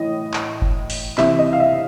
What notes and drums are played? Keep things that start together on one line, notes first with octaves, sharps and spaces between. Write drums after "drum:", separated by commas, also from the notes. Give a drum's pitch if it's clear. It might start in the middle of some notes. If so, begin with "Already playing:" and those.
Already playing: A2 E3 D#5
drum: clap
drum: kick F#1
drum: open hi-hat
C3 E3 E5, drum: clap
D#5
F5
E5